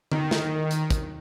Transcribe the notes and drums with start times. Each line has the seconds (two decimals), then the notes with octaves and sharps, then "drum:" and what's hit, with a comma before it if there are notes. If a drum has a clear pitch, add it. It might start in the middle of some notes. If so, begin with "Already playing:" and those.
0.12 D#3, drum: tom D3
0.31 drum: snare
0.71 drum: hi-hat
0.90 drum: kick, hi-hat